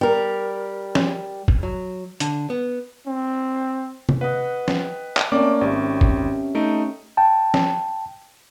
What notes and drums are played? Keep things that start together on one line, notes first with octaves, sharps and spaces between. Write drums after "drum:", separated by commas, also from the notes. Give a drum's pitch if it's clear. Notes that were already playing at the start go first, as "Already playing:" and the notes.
G3 A#4
drum: snare
drum: kick
F#3
D3, drum: hi-hat
B3
C4
drum: tom C3
B4 D#5 F#5
G5, drum: snare
drum: clap
A3 A#3 C4 C#4 D5 D6
G#1 G4 A#4 E5
drum: kick
A3 D#4 D7
G5 A5
drum: snare